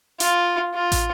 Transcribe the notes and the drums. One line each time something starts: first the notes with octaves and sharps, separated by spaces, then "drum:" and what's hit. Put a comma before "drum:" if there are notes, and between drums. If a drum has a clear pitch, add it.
F4, drum: hi-hat
F4
drum: kick, hi-hat